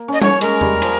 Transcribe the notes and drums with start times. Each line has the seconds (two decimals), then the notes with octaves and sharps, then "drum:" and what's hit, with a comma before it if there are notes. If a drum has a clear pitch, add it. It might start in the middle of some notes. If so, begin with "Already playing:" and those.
Already playing: A#3
0.08 C#4 D#5
0.22 C#4 C#5, drum: tom G3
0.41 G#3 A#4, drum: cymbal
0.61 G3, drum: tom E2
0.82 F3, drum: cymbal